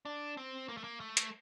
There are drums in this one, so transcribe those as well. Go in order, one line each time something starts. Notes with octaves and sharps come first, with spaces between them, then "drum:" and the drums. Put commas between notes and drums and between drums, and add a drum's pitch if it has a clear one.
D4
C4
A#3
A3
A#3
A3
drum: hi-hat